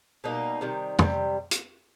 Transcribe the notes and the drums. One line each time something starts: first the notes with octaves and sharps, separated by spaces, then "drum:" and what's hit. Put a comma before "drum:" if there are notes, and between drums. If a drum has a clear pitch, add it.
B2 G3 A#3 D#4
C3 D#3 G3
C3 D#3 G3, drum: tom
drum: hi-hat